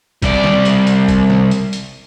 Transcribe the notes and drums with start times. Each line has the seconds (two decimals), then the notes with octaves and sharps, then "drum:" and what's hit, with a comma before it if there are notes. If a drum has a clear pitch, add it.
0.22 C2 D5, drum: kick, hi-hat
0.44 drum: snare
0.65 drum: hi-hat
0.87 drum: hi-hat
1.08 drum: kick, hi-hat
1.30 drum: snare
1.51 drum: hi-hat
1.73 drum: hi-hat